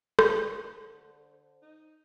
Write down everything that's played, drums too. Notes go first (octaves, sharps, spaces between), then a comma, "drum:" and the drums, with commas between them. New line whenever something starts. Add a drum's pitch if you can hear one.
drum: rim click
D3 C5
D#4